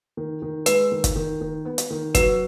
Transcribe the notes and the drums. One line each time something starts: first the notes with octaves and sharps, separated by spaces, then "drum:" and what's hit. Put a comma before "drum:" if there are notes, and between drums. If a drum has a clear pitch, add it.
D#3
D#3
G#3 B4, drum: hi-hat
D#3
drum: kick, hi-hat
D#3
D#3
B3
drum: hi-hat
D#3
F#3 B4, drum: kick, hi-hat